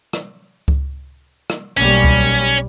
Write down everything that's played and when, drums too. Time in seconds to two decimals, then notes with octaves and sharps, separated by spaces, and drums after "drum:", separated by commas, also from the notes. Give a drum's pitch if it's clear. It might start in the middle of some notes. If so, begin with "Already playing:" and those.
0.13 drum: rim click
0.68 drum: kick C#2
1.50 drum: rim click
1.77 B1 G3 A#3 C#4
2.04 drum: kick C#2